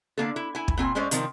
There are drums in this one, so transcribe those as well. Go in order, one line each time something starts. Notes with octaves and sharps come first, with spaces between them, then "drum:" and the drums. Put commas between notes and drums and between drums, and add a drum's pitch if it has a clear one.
D3 A#3 A4
E4
E4 G#5
drum: kick
A#2 C4 G#5
A2 G#3 C#4 C5 D5
C3 D#3 F3 C4, drum: hi-hat